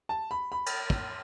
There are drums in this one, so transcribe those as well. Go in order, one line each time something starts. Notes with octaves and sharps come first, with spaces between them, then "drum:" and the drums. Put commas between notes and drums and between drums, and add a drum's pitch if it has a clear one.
A5
B5
B5
drum: cymbal
drum: kick